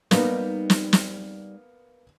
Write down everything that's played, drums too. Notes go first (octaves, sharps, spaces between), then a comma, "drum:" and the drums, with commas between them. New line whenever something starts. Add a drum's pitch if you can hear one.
G3 A#3 B3 D#4, drum: snare
drum: snare
drum: snare